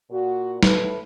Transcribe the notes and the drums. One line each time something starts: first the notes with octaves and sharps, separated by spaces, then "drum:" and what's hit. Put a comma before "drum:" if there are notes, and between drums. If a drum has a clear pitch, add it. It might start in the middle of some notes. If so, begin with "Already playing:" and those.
A#2 F#4
A2 A3 B4, drum: snare